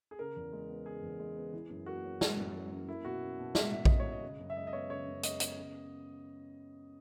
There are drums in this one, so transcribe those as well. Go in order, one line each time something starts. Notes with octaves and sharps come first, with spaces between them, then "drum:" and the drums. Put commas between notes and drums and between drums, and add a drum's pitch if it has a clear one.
G#4
C#3 A#4
E2
G#3
B3
C#3 G#4
E2
G#3
B3
E3
F#2
A#3 F#4
C#4
E3, drum: snare
F#2
A#3
C#4
A#3 E4
B2 F#4
C#4
B2
A#3 E5, drum: snare
B2 E5
C#4 D#5, drum: kick A#1
C#5
B2
D#5
C#3
F#2
E5
G#3 D#5
D#5
B3 C#5
C#3 C#5
F#2
G#3 D#5, drum: hi-hat
B3, drum: hi-hat
C#3